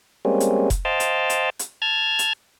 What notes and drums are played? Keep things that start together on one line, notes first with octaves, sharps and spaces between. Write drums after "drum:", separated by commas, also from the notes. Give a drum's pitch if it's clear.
G3 G#3 A#3 C4 C#4
drum: hi-hat
drum: kick F1, hi-hat
C5 D#5 F5 G5 A5
drum: hi-hat
drum: hi-hat
drum: hi-hat
A5 F6 G#6
drum: hi-hat